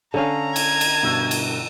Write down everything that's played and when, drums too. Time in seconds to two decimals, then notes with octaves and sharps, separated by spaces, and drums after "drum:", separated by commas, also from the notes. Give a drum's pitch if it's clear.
0.14 D3 C#4 A4 F5 A#5
0.56 G#6, drum: cymbal
0.81 drum: cymbal
1.03 G2 B2 E6
1.31 drum: cymbal